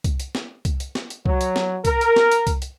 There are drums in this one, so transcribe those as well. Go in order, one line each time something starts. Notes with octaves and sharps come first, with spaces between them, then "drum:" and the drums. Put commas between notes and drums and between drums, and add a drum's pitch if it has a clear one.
drum: kick C2, hi-hat
drum: hi-hat
drum: snare
drum: kick C2, hi-hat
drum: hi-hat
drum: snare
drum: hi-hat
F#3, drum: kick C2
drum: hi-hat
drum: snare
A#4, drum: kick C2, hi-hat
drum: hi-hat
drum: snare
drum: hi-hat
drum: kick C2, hi-hat
drum: hi-hat